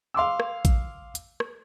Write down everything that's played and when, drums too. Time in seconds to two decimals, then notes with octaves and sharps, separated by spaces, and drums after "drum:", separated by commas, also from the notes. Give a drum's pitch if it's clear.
0.14 F5 C6 D6 E6
0.40 drum: rim click
0.65 drum: kick A1, hi-hat
1.15 drum: hi-hat
1.40 drum: rim click